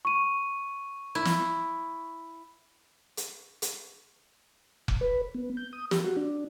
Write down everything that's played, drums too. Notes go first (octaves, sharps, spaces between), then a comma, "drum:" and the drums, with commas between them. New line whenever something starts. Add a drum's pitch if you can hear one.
C#6 D#7
E4
drum: snare
drum: hi-hat
drum: hi-hat
drum: kick F1
B4
B3
G6
D#6
G4, drum: snare
F#4
D4